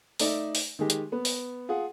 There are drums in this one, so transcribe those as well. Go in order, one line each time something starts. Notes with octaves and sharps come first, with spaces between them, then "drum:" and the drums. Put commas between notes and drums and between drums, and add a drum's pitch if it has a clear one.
A3 D#4 D5 E5, drum: open hi-hat
drum: open hi-hat
D#3 G#3 G4
drum: hi-hat
B3
drum: open hi-hat
F4 G#4 F#5